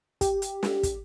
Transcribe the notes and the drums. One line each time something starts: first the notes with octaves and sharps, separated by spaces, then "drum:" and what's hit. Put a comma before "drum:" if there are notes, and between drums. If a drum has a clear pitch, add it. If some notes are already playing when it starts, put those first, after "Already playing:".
G4, drum: kick, hi-hat
drum: hi-hat
drum: snare
drum: kick, hi-hat